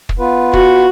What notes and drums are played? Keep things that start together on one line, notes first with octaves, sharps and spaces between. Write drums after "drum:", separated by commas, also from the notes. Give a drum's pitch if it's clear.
drum: kick
B3 F4 B4
F#4, drum: kick